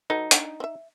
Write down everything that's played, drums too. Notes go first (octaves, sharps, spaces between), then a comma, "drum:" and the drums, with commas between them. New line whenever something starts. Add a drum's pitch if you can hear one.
F#3 D#4 A4 B4
D4 F#5, drum: hi-hat
C4 E5